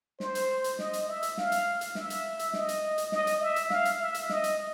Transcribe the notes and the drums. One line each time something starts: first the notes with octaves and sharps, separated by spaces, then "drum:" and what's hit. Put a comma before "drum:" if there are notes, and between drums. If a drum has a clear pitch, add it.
C5, drum: snare
drum: hi-hat
drum: hi-hat
D#5, drum: snare
drum: hi-hat
E5
drum: hi-hat
F5, drum: snare
drum: hi-hat
drum: hi-hat
E5, drum: snare
drum: hi-hat
drum: hi-hat
D#5, drum: snare
drum: hi-hat
drum: hi-hat
D#5, drum: snare
drum: hi-hat
E5
drum: hi-hat
F5, drum: snare
drum: hi-hat
E5
drum: hi-hat
D#5, drum: snare
drum: hi-hat